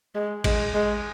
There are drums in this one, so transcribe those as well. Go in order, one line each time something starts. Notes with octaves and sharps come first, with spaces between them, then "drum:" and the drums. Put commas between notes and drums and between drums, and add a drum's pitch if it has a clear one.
G#3
G#3, drum: kick G#1, cymbal
G#3